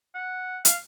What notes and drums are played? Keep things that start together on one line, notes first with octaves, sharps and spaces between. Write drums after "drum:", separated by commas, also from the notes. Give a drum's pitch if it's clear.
F#5
F5, drum: hi-hat